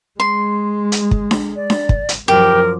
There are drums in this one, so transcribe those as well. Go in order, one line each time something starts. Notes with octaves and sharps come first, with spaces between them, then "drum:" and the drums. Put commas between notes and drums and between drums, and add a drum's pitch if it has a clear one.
G#3 C6
drum: hi-hat
drum: kick
drum: snare D4
D5
drum: snare D4
drum: kick
drum: hi-hat
F#2 F3 G4 A#4